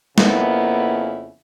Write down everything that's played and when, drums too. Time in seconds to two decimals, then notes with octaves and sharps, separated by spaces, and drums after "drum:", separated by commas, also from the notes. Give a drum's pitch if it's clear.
0.18 F2 C#3 A#3 B3 E4, drum: snare